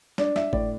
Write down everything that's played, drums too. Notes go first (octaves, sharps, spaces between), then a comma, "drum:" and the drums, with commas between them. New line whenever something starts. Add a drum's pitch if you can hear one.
D4 D5, drum: snare
E5, drum: snare
A2 D5, drum: kick G1